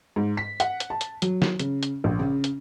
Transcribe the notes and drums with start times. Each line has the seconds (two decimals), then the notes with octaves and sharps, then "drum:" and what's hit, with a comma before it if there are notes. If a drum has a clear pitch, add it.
0.16 G#2
0.37 B6
0.60 F#5, drum: hi-hat
0.80 drum: hi-hat
0.90 A5
1.01 drum: hi-hat
1.22 F#3, drum: hi-hat
1.42 drum: snare
1.59 C#3, drum: hi-hat
1.83 drum: hi-hat
2.04 A#1
2.19 C#3
2.44 drum: hi-hat